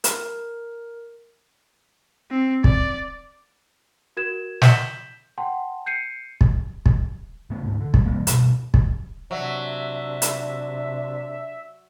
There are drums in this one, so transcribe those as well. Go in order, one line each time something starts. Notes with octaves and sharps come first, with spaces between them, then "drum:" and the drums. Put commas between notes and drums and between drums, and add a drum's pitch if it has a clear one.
A#4, drum: hi-hat
C4
D5, drum: kick
F#4 A#4 G#6 E7
G6 B6 E7 F#7 G7, drum: snare
F#5 G5 A5 C6
G6 C7 C#7 D#7
drum: kick
drum: kick
A2 C#3 B3
D2 G#2
D3
G3, drum: kick
E3 F#3 G3 A#3
G2 B2, drum: hi-hat
drum: kick
C3 F#3 D4 E5
drum: hi-hat